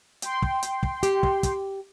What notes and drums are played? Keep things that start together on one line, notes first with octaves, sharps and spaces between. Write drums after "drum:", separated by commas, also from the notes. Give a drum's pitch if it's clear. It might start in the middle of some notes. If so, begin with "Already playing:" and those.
G5 C6, drum: hi-hat
drum: kick
drum: hi-hat
drum: kick
G4, drum: hi-hat
drum: kick
drum: kick, hi-hat